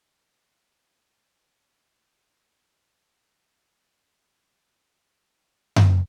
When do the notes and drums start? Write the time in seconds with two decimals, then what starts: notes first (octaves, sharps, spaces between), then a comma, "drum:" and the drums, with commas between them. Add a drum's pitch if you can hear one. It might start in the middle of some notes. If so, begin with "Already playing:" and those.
Already playing: G2 E3
0.64 F3
1.26 F3
1.88 E2 D3
2.50 F3 A3
2.82 A3 C#4
3.12 A3 C#4
3.74 C#4 E4
4.37 D2 D3
4.99 E4 G4
5.76 drum: tom F#2